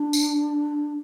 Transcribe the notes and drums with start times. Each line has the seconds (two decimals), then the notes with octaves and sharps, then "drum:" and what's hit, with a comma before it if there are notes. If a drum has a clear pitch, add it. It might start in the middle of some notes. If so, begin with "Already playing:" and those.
Already playing: D4
0.13 drum: tambourine